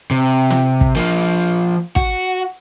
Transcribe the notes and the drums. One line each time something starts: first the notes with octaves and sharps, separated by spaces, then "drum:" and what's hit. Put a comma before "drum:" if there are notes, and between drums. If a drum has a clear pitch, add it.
C3
drum: snare
drum: kick
F3 A#3
F#4, drum: kick